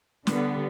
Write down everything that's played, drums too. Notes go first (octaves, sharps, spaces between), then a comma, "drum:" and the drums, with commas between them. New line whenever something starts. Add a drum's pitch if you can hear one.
D3 G3 B3, drum: snare